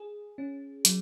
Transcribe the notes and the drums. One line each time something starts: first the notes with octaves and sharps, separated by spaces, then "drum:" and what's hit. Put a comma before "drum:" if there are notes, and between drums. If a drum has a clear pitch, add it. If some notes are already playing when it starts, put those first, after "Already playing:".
Already playing: G#4
C#4
F#3, drum: hi-hat